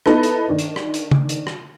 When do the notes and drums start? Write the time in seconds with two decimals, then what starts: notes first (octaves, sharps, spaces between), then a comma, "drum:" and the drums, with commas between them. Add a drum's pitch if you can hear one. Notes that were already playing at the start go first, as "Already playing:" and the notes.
0.06 B3 D#4 E4 A4 B4, drum: rim click
0.23 drum: hi-hat
0.49 D#3 D4
0.59 drum: hi-hat
0.76 drum: rim click
0.94 drum: hi-hat
1.11 drum: tom C#3
1.29 drum: hi-hat
1.47 drum: rim click